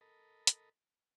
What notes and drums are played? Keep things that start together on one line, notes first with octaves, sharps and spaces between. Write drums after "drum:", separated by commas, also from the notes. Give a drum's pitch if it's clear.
A4 A#4 D#5 B5
drum: hi-hat